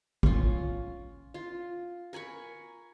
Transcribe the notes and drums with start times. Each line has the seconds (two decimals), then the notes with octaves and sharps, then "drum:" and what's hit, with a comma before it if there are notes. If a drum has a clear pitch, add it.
0.23 C#4 F4, drum: kick
1.34 F4
2.13 A#4 G#5 B5 C#6